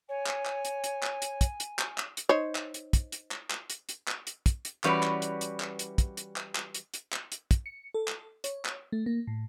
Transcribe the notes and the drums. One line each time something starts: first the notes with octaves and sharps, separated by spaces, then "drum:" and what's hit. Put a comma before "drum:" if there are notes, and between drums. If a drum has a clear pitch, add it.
C#5 G#5
drum: clap
drum: clap
drum: hi-hat
drum: hi-hat
drum: clap
drum: hi-hat
drum: kick, hi-hat
drum: hi-hat
drum: clap
drum: clap
drum: hi-hat
D#4 C5 C#5
drum: clap
drum: hi-hat
drum: kick, hi-hat
drum: hi-hat
drum: clap
drum: clap
drum: hi-hat
drum: hi-hat
drum: clap
drum: hi-hat
drum: kick, hi-hat
drum: hi-hat
E3 G3 C#4 F#4 B4 D5, drum: clap
drum: clap
drum: hi-hat
drum: hi-hat
drum: clap
drum: hi-hat
drum: kick, hi-hat
drum: hi-hat
drum: clap
drum: clap
drum: hi-hat
drum: hi-hat
drum: clap
drum: hi-hat
drum: kick, hi-hat
C#7
A4
drum: clap
C#5, drum: hi-hat
drum: clap
A3
A#3
A2